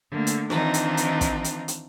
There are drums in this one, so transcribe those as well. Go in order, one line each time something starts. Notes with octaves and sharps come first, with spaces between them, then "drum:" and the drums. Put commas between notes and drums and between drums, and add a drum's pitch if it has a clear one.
D3 A3 A#3
drum: hi-hat
D#3 E3 C4 D4 D#4 F4, drum: snare
drum: hi-hat
drum: hi-hat
drum: kick, hi-hat
drum: hi-hat
drum: hi-hat